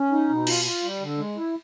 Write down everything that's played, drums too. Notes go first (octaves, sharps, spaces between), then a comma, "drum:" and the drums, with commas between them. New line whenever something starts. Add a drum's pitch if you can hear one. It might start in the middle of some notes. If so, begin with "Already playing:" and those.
Already playing: C#4
D#4
B2
F4, drum: cymbal
F4
G3
D3
G#3
E4